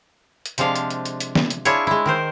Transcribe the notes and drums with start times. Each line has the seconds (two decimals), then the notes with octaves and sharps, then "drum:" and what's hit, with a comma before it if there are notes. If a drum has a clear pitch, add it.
0.46 drum: hi-hat
0.58 C3 F3 G#3 D4 F5, drum: hi-hat
0.76 drum: hi-hat
0.91 drum: hi-hat
1.05 drum: hi-hat
1.20 drum: hi-hat
1.35 drum: snare
1.50 drum: hi-hat
1.65 D4 E4 F4 G#4 C#5, drum: hi-hat
1.87 G#3 E4
2.06 D#3 A#4 C5